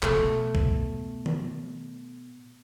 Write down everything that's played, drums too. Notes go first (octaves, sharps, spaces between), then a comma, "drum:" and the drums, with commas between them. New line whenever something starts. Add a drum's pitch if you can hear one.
B2 A3, drum: clap
drum: kick
drum: tom D#3